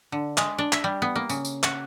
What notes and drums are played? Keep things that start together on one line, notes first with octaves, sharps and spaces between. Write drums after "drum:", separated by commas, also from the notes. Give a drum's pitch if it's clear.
D3
G#3, drum: clap
D4
E5, drum: clap
G3
B3
A#3
C#3, drum: tambourine
drum: tambourine
F#4, drum: clap